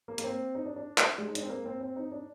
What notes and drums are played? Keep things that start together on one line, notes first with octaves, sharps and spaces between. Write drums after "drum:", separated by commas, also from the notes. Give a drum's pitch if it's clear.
A#3
A#3, drum: hi-hat
C4
D#4
D4
D4
drum: clap
G#3
D#4
D4, drum: hi-hat
C4
A#3
C4
C4
D#4
D4